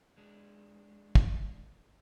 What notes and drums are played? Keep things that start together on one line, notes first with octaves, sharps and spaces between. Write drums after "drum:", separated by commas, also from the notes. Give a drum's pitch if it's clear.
G#3 D4
drum: kick